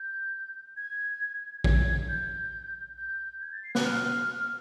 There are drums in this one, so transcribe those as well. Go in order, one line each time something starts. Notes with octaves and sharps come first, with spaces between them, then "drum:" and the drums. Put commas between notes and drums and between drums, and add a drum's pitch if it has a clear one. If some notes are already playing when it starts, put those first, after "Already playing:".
Already playing: G6
G#6
G#6, drum: kick A#1
G6
G6
G#6
A6
C7
F#6, drum: snare
F6